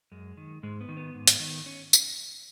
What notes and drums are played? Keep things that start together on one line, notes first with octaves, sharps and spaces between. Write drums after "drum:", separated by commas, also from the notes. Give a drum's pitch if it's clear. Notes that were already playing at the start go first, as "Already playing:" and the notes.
F#2 G#3
D#3
G#2 G#3
B3
D#3
B3
G#2
drum: hi-hat
D#3
C#4
drum: tambourine